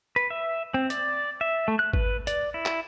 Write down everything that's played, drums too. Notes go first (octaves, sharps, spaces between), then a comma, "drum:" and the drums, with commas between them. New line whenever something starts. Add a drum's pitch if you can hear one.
B4
E5
C4
D5, drum: hi-hat
E5
A3
F#6
B4, drum: kick
D5, drum: hi-hat
E4
drum: clap